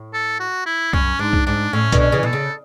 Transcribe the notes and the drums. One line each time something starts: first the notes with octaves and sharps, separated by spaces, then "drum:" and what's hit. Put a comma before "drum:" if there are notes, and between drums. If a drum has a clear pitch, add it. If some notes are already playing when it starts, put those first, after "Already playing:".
Already playing: A2
A4
F#4
E4
F#2 C#4, drum: kick C2
G#2 D4
drum: kick C2
G#2 D4
A2 C#4
B2 D3, drum: kick C2, hi-hat
C#4
C#3 E3
B2 A4
C#3